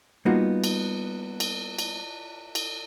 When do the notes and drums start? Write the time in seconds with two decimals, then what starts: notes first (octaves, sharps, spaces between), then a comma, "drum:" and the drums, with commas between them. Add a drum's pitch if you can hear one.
0.25 G3 A#3 B3 D#4 F4 F#4
0.64 drum: cymbal
1.40 drum: cymbal
1.79 drum: cymbal
2.55 drum: cymbal